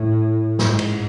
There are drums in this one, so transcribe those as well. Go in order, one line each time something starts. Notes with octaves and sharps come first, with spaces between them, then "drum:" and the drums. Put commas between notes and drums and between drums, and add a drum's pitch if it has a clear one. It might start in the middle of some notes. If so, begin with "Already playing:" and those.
Already playing: A2
G#2, drum: snare
drum: cymbal